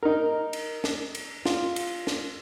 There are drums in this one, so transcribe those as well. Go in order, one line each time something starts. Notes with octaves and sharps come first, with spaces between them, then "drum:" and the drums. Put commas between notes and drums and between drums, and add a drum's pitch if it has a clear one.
D#4 A#4
drum: cymbal
drum: snare
drum: cymbal
F4, drum: snare
drum: cymbal
drum: snare